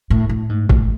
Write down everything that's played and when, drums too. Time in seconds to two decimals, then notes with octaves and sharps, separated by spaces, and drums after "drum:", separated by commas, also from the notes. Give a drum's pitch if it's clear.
0.10 A2
0.29 A2
0.49 G#2
0.69 A2, drum: kick